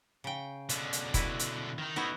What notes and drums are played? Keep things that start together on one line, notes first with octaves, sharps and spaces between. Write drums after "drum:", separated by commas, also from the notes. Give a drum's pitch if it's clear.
C#3 G5
B2 D3, drum: hi-hat
drum: hi-hat
E4 F#4 B4, drum: kick F1, hi-hat
drum: hi-hat
D#3 D#4
A3 B3 D#4 E4 F#4